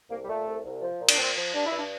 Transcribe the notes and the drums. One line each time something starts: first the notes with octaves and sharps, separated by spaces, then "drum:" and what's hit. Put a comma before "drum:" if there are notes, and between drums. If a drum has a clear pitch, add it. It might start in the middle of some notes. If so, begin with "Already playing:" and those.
C2 A#3
G3
A#2 A3
C2
C2
F3
A#2
D4, drum: cymbal
A#2 C4
F3
G2 D4
E4
G2
D4